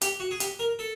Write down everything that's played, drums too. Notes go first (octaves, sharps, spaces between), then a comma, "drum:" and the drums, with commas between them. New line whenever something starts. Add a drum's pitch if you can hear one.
G4, drum: hi-hat
F#4
G#4
G4, drum: hi-hat
A#4
A4